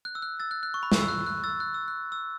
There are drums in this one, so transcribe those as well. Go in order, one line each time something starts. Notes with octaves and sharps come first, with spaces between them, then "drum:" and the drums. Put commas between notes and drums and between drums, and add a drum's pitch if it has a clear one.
F#6
E6
F#6
E6 A6
F#6
F#6
C#6
B5
C#6, drum: snare
E6
F#6
F#6
E6 A6
F#6
E6
F#6
E6